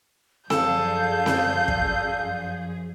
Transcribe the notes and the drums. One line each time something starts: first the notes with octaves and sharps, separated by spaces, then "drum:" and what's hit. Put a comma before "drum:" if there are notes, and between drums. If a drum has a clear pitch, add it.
F#2 F3 G#4 A4 D5 F5 G6, drum: snare C4
drum: snare C4
drum: kick